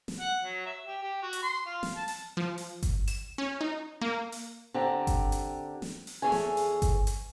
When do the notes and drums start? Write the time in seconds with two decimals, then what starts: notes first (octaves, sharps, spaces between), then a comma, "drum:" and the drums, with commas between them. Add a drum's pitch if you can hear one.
0.08 drum: snare
0.20 F#5
0.41 F#3
0.66 E5
0.86 G4
1.02 G4
1.22 F#4
1.33 drum: hi-hat
1.43 C6
1.66 F4
1.83 drum: snare
1.96 A5
2.08 drum: open hi-hat
2.37 F3
2.58 drum: open hi-hat
2.83 drum: kick G1, hi-hat
3.08 E7, drum: hi-hat
3.38 C#4
3.61 D#4
4.01 A#3
4.32 drum: open hi-hat
4.74 D3 C4 G4 A#5
5.07 drum: kick G1, hi-hat
5.32 drum: hi-hat
5.82 drum: snare
6.07 drum: open hi-hat
6.22 E2 G#4 A4 C#5 G#5
6.32 drum: snare
6.57 drum: open hi-hat
6.82 drum: kick G1, hi-hat
7.07 drum: hi-hat